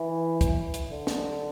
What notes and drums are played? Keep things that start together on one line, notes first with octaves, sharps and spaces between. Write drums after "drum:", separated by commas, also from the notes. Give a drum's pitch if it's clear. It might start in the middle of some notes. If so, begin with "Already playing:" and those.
Already playing: E3
drum: kick, hi-hat
drum: hi-hat
D3
drum: snare